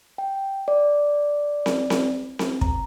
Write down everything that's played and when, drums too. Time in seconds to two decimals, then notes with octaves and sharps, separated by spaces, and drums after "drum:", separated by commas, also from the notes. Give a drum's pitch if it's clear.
0.18 G5
0.68 D5
1.66 drum: snare C4
1.90 drum: snare C4
2.39 drum: snare C4
2.61 A#5, drum: kick